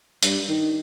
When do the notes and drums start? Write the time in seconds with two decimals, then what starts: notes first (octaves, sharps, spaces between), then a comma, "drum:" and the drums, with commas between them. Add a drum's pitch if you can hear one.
0.23 G2, drum: hi-hat
0.48 D#3